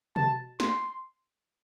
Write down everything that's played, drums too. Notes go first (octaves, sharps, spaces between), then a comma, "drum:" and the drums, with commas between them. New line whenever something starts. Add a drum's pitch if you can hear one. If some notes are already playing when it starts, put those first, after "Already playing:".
A5, drum: tom B2
C6, drum: snare